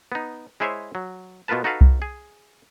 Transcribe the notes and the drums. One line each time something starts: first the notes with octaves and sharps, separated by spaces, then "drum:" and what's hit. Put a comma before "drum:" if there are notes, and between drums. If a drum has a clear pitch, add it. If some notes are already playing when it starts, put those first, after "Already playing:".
B3 D#4
G#3 E4 G#4 C5 C#5 E5
F#3
B2 B3 F4 A#4 B4 A5
D#4 F#4 A4 B4 F5
drum: kick C2
G#4